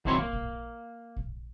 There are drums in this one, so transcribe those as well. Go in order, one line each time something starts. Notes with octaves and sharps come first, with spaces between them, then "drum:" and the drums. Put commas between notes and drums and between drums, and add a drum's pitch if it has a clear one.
D#3 F#3 C4 E4 C#5, drum: kick A#1
A#3
drum: kick A#1
drum: kick A#1